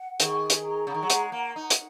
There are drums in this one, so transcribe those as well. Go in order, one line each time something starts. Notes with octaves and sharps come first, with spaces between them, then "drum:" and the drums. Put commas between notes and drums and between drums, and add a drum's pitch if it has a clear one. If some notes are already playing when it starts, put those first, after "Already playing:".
Already playing: F#5
D#3 G#4, drum: hi-hat
drum: hi-hat
A#5
C#3
D#3
F#3
G#3 F#5, drum: hi-hat
A#3
D#4 F#5
drum: hi-hat